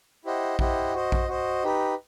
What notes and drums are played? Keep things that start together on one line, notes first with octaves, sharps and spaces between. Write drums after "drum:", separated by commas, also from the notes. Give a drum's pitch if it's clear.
E4 G4 C5 D#5 F#5
E4 G4 C5 D#5 F#5, drum: kick A#1
F#4 C5 D#5
drum: kick A#1
F#4 C5 D#5
D#4 G4 B4